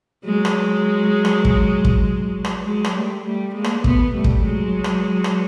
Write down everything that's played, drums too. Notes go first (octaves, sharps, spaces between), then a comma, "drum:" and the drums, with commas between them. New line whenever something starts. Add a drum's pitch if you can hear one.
F#3 G#3
drum: rim click
drum: rim click
drum: kick
drum: kick
drum: rim click
F#3 G#3
drum: rim click
G3 A3
G3 A3
G#3 A#3
drum: rim click
A3 B3, drum: kick
G3 A3
drum: kick
F#3 G#3
drum: rim click
drum: rim click